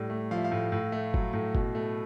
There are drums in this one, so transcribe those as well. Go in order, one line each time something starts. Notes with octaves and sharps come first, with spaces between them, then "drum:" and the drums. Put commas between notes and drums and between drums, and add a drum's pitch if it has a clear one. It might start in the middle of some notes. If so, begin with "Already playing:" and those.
Already playing: A2 G3
A3
F3 F5
E5
F5
A2
A2
A3
F#3, drum: kick
A2
B2, drum: kick
A3